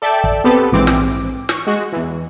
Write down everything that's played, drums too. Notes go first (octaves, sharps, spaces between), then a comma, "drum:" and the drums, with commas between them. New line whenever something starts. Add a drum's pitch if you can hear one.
A4 D5 E5 G5 A5
drum: kick
B3 C4 G4 A4 B4
A#1 G#2 E3 C4 D6
drum: snare
C#6, drum: snare
G#3 F#4
E2 E3